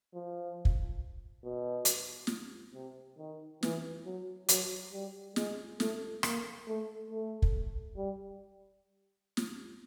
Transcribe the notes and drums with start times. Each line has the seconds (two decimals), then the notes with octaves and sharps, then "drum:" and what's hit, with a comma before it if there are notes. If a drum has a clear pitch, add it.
0.14 F3
0.65 drum: kick
1.44 B2
1.85 drum: hi-hat
2.27 drum: snare
2.74 C3
3.18 D#3
3.63 E3, drum: snare
4.05 F#3
4.48 F#3, drum: hi-hat
4.92 G3
5.36 G#3, drum: snare
5.80 A3, drum: snare
6.23 A#3, drum: rim click
6.67 A3
7.11 A3
7.42 drum: kick
7.97 G3
9.37 drum: snare